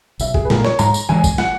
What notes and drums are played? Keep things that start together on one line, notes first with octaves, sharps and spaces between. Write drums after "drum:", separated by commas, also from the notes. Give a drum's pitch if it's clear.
B1 E5, drum: tambourine
G#4, drum: kick
B4
A#2 G#3 A#4, drum: snare
C#5, drum: snare
G#2 A#5, drum: tambourine
drum: tambourine
E3 G#3 G#5
drum: kick, tambourine
F#5, drum: snare